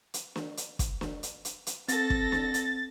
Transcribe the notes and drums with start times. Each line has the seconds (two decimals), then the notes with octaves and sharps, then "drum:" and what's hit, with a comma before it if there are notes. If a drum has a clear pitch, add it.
0.14 drum: hi-hat
0.36 drum: snare
0.57 drum: hi-hat
0.79 drum: kick, hi-hat
1.01 drum: snare
1.23 drum: hi-hat
1.45 drum: hi-hat
1.67 drum: hi-hat
1.88 C4 A4 A6 A#6, drum: hi-hat
2.10 drum: kick
2.32 drum: snare
2.54 drum: hi-hat